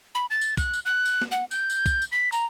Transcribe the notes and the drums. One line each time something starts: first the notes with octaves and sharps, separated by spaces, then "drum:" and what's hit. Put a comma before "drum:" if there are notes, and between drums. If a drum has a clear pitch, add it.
B5
A6
drum: tambourine
F#6, drum: kick, tambourine
drum: tambourine
F#6
drum: tambourine
drum: snare
F#5
G6, drum: tambourine
drum: tambourine
drum: kick, tambourine
drum: tambourine
B6
A#5, drum: tambourine